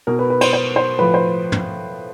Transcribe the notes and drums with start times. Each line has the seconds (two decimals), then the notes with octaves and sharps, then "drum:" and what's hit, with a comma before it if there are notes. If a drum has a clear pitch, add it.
0.07 B2 A#4
0.19 B4
0.30 B4
0.41 C5, drum: cymbal
0.53 C5
0.76 C5
0.99 A2 F3 B4
1.14 C5
1.52 drum: tom